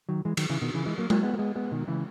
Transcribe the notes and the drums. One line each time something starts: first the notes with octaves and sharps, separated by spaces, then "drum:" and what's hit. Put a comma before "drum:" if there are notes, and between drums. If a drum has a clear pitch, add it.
D#3 F#3
E3 G#3
D#3 F#3, drum: cymbal
C#3 E3
B2 D#3
C#3 E3
E3 G#3
F#3 A#3
F#3 A#3, drum: tom G#3
G#3 B3
A#3
G#3 B3
G#3 B3
B2 D#3
C#3 E3